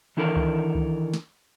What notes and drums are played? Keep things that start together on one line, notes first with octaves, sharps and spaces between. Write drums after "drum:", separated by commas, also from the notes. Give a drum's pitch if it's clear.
D#3 E3 D4 A4 A#4 B5
drum: kick C#2
drum: kick C#2
drum: snare